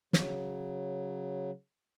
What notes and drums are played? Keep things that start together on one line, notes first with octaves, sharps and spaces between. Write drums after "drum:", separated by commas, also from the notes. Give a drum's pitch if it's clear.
C#3 F#3, drum: snare